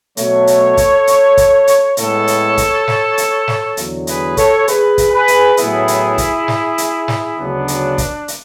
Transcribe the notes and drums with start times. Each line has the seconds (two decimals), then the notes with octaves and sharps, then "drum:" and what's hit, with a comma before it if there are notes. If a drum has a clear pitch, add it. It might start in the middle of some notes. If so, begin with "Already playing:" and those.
0.17 B2 F#3 A3 A4 C#5, drum: hi-hat
0.47 drum: hi-hat
0.77 drum: kick, hi-hat
1.07 drum: hi-hat
1.37 drum: kick, hi-hat
1.67 drum: hi-hat
1.97 A2 G#3 B3 A4 C#5, drum: hi-hat
2.27 drum: hi-hat
2.58 drum: kick, hi-hat
2.88 drum: snare
3.18 drum: hi-hat
3.48 drum: snare
3.77 E2 D3 F#3, drum: hi-hat
4.07 G#4 B4, drum: hi-hat
4.37 A4 C#5, drum: kick, hi-hat
4.68 G#4 B4, drum: hi-hat
4.98 drum: kick, hi-hat
5.12 G#4 B4
5.28 drum: hi-hat
5.57 A2 F#3 B3 E4 G#4, drum: hi-hat
5.88 drum: hi-hat
6.18 drum: kick, hi-hat
6.48 drum: snare
6.78 drum: hi-hat
7.08 drum: snare
7.38 D2 C#3 F#3 B3 D4
7.68 drum: hi-hat
7.98 drum: kick, hi-hat
8.28 drum: hi-hat